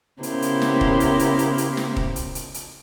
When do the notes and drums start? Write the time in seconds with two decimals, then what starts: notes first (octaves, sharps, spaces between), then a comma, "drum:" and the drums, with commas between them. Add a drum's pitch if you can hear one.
0.23 C#3 B3 E4 G4 A#4 C5, drum: hi-hat
0.42 drum: hi-hat
0.62 drum: snare
0.81 drum: kick D#1
1.00 drum: hi-hat
1.19 drum: hi-hat
1.39 drum: hi-hat
1.58 drum: hi-hat
1.77 drum: snare
1.96 drum: kick D#1
2.16 drum: hi-hat
2.35 drum: hi-hat
2.54 drum: hi-hat